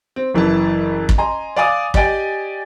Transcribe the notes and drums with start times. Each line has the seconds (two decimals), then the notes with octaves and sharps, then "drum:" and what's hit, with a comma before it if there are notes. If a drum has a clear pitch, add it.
0.16 C4
0.34 F#1 E3 E4 A5
1.09 drum: kick
1.18 D#5 G#5 A#5 C6
1.56 D5 F5 F#5 G#5 D6 D#6
1.94 G4 D5 D#5 G5 G#5, drum: kick